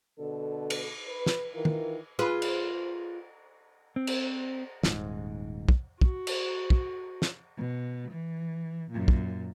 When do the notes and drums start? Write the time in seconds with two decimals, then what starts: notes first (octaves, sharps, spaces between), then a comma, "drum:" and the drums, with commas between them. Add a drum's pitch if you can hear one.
0.19 B2 D3 A4
0.70 drum: cymbal
1.07 B4
1.26 drum: snare
1.53 D#3 E3 F4 A#4
1.65 drum: tom D#3
2.19 F4 G#4 B4
2.42 drum: cymbal
3.96 C4
4.07 drum: cymbal
4.83 D#1 G#2, drum: snare
5.69 drum: kick
6.01 F#4, drum: kick
6.27 drum: cymbal
6.70 drum: kick
7.22 drum: snare
7.57 B2
8.11 E3
8.91 F#2 A#2
9.08 drum: kick